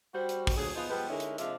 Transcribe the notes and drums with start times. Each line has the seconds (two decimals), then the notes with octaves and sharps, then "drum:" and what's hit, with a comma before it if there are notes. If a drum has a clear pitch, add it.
0.14 G3 F#4 C5
0.29 drum: hi-hat
0.47 drum: kick, open hi-hat
0.56 D2 A#2 F#3 G#4
0.74 F3 B3 D#4 F4 G#4
0.89 F3 G3 G#3 B3
1.10 D3 G#3 C#4 D#4 E4 A#4
1.20 drum: hi-hat
1.38 C3 F3 G#3 D4 E5 F5, drum: hi-hat